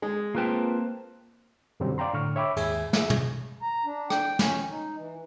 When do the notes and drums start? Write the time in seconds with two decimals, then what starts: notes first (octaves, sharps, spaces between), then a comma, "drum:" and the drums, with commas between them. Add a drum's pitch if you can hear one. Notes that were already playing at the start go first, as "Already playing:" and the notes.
0.02 G#3
0.35 A#3 C4 F4 B4 G5 A5
1.80 F#2 B2 D3 F#3 G3 C4
1.98 D5 F5 G5 A#5 C6
2.13 A2 D3 C#6 F6
2.36 C#5 E5 G5 B5 D6
2.56 D#2 G#2 G#4 E5 G#6, drum: cymbal
2.93 G#4 E5, drum: snare
3.10 drum: tom
3.62 A#5
3.85 D4
4.10 G5, drum: rim click
4.39 C#4, drum: snare
4.70 D#4
4.97 E3